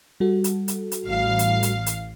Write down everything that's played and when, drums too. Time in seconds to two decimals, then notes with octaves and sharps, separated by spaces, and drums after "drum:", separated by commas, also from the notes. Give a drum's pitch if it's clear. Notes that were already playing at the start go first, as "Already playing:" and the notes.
0.20 G3 F#4 A4
0.44 drum: hi-hat
0.68 drum: hi-hat
0.92 drum: hi-hat
1.07 A1 F5
1.39 drum: hi-hat
1.63 drum: hi-hat
1.86 drum: hi-hat